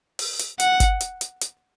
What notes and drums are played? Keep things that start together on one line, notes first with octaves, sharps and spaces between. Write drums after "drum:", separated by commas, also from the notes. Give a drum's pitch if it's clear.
drum: open hi-hat
drum: hi-hat
F#5, drum: hi-hat
drum: kick G#1, hi-hat
drum: hi-hat
drum: hi-hat
drum: hi-hat